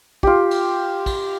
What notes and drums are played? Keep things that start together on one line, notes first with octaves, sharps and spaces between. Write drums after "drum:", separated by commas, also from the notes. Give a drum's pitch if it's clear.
F4 G4, drum: kick
drum: cymbal
drum: kick, cymbal